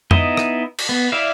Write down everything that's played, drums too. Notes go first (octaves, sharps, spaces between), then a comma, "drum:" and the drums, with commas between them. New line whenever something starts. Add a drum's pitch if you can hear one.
B3 D#4 E4 D#5, drum: tom F2
drum: rim click
drum: cymbal
B3
E4 D5 E5 F5